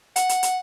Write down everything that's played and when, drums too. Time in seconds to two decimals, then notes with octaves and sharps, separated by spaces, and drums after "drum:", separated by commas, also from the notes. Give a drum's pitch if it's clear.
0.16 F#5, drum: hi-hat
0.29 drum: hi-hat
0.43 drum: hi-hat